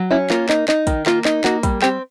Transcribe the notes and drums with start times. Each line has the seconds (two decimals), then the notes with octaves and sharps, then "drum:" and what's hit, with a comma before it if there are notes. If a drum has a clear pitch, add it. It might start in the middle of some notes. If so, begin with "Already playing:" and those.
Already playing: F#3
0.11 C#4 E4
0.30 A#3 F4, drum: clap
0.49 D#4, drum: clap
0.68 D#4, drum: clap
0.87 D#3, drum: kick, hi-hat
1.06 A#3 F4, drum: clap
1.25 D#4, drum: clap
1.44 A#3 F#4, drum: clap
1.63 G3, drum: kick, hi-hat
1.82 C4 G4, drum: clap